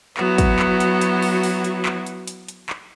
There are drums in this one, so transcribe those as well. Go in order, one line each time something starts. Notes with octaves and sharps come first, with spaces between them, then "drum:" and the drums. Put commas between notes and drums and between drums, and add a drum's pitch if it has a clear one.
F#3 B3 E4 F#4, drum: clap
drum: kick, hi-hat
drum: clap
drum: hi-hat
drum: hi-hat
drum: open hi-hat
drum: open hi-hat
drum: hi-hat
drum: clap
drum: hi-hat
drum: hi-hat
drum: hi-hat
drum: clap